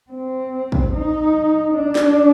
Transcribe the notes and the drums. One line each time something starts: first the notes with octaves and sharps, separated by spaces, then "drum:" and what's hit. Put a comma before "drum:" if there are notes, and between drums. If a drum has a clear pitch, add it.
C4
drum: kick
D#4
D4
drum: snare